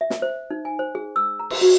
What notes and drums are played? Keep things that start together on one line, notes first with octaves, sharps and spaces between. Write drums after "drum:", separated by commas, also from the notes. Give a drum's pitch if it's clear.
E5
drum: snare
C5
D#4
G#5
C5
G#4
E6
A#5
drum: cymbal
F#4